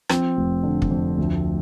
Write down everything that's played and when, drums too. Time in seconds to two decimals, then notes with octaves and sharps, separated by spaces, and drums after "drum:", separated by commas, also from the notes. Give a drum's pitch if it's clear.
0.09 F3 C4, drum: rim click
0.37 F1
0.63 D3
0.82 drum: kick
0.91 F2
1.18 D2